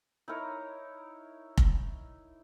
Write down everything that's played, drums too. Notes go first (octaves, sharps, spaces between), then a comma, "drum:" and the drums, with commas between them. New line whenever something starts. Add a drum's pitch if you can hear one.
D#4 E4 A#4 C#5
drum: kick F1